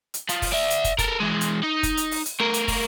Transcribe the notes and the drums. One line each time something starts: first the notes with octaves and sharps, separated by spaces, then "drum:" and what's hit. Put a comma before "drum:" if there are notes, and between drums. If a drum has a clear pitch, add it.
drum: hi-hat
F3, drum: hi-hat
drum: kick, open hi-hat
D5 E5
drum: hi-hat
drum: kick, hi-hat
A4 A#4, drum: kick, hi-hat
E3 G#3
drum: hi-hat
D#4
drum: kick, hi-hat
drum: hi-hat
drum: open hi-hat
drum: hi-hat
A3 A#4
drum: hi-hat
drum: kick, open hi-hat